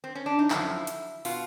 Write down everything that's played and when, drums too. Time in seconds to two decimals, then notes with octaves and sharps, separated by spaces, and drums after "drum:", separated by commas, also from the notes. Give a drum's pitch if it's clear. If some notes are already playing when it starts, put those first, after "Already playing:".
0.04 C4
0.15 C#4
0.26 D4
0.39 D#4
0.50 F#2 D3 F3 E4, drum: clap
0.87 drum: hi-hat
1.25 B2 F4, drum: open hi-hat